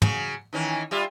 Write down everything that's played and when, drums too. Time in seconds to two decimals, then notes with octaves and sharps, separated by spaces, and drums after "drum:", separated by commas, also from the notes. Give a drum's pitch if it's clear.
0.02 C#3 F#3, drum: tom
0.53 D#3 E3 C#4
0.91 G3 F4 E5